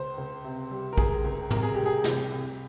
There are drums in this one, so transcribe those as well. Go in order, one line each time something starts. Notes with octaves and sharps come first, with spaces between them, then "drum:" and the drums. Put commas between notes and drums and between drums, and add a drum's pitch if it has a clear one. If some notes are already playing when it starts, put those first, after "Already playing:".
Already playing: C#2 C5
C#2
C3
G3
A#4
C#2 G#4, drum: kick
C#2
C3 A#4, drum: tom
G#4
G3 G4
G#4
C2 G4, drum: snare
C2